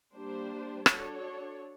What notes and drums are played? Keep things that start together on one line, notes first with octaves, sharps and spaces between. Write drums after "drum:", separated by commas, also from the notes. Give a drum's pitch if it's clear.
G3 A#3 D4 G4 C5
D4 F#4 A4 C#5, drum: rim click